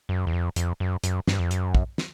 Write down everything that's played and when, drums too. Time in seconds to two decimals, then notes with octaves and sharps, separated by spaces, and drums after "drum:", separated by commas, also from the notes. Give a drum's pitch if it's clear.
0.09 F#2
0.27 E2
0.33 F2
0.56 F2, drum: hi-hat
0.80 F#2
1.04 F#2, drum: hi-hat
1.27 G2, drum: snare
1.39 F2
1.51 F#2, drum: hi-hat
1.75 drum: kick
1.98 drum: snare